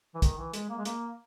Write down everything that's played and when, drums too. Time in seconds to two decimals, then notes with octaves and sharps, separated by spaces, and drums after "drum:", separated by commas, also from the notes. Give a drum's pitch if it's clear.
0.15 E3
0.22 D#3, drum: kick, hi-hat
0.38 E3
0.54 G#3, drum: hi-hat
0.70 A#3
0.78 G#3
0.85 A#3, drum: hi-hat